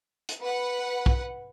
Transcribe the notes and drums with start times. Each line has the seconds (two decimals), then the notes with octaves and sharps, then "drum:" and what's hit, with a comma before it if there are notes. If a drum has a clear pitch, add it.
0.29 drum: hi-hat
0.41 B4 F#5
1.06 drum: kick B1